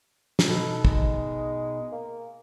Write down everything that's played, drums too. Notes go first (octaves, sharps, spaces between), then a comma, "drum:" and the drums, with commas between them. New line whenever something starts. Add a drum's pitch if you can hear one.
drum: snare
B2 D#4 A4
G#3, drum: kick
A#3